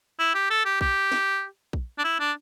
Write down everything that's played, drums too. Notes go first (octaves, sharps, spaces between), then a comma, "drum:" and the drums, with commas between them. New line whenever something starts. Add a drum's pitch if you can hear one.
E4
G4
A4
G4
G4, drum: kick A#1
drum: snare
drum: kick A#1
D4
E4
D4